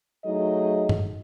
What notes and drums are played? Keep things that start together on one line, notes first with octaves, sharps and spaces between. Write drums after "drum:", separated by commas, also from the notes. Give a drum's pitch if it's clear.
F#3 A3 D#4 G#4 D#5
drum: tom G2